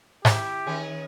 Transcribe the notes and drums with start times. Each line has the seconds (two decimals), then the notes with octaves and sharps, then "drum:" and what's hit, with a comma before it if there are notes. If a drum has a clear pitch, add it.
0.25 E4 G4, drum: snare G#2
0.67 D#3 C#4 G#4